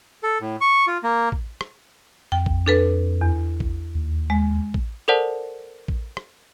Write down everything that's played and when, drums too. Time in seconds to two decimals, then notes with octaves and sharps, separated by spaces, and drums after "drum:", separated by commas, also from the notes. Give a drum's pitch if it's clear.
0.23 A4
0.41 A2
0.61 C#6
0.87 F4
1.03 A#3
1.32 drum: kick A1
1.61 drum: rim click
2.32 F2 G5
2.46 drum: kick A1
2.66 D4 A4 B4
3.21 E2
3.60 drum: kick A1
3.95 D#2
4.30 G#3
4.74 drum: kick A1
5.08 A4 A#4 C5 D5 F#5 A5
5.88 drum: kick A1
6.17 drum: rim click